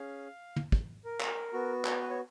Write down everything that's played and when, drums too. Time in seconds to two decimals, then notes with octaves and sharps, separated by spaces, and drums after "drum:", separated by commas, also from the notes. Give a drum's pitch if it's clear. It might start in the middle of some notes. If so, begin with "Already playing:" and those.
Already playing: C#4 G#4 F5
0.56 drum: tom
0.72 drum: kick
1.05 A#4
1.21 drum: clap
1.53 B3 F#4
1.85 drum: clap
2.01 B4
2.10 C#5